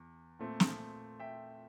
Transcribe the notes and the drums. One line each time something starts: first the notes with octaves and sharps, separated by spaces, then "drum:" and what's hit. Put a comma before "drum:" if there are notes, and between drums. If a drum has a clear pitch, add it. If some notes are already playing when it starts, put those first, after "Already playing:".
Already playing: E2
A#2 A3 C4
drum: snare
E5 G5